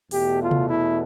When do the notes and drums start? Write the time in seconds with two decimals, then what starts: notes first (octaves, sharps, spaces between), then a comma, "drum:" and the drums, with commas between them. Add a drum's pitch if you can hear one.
0.11 E2 B2 A3 G4, drum: open hi-hat
0.41 F4
0.51 drum: tom C3
0.69 E4